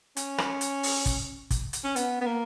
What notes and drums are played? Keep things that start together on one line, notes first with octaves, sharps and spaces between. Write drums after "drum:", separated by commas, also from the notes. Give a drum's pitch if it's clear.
C#4, drum: hi-hat
drum: rim click
drum: hi-hat
drum: open hi-hat
drum: kick, hi-hat
drum: kick, hi-hat
drum: hi-hat
C#4
B3, drum: hi-hat
B3
A#3